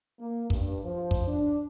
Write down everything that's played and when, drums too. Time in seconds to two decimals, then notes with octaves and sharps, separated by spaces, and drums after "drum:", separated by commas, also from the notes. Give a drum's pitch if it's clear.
0.20 A#3
0.50 G2, drum: kick
0.84 F3
1.11 drum: kick
1.27 D4